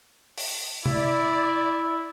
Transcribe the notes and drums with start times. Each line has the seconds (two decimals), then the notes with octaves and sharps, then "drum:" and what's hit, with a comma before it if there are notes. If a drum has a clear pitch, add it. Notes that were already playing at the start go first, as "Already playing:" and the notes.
0.38 drum: open hi-hat
0.86 E4 D5, drum: tom C3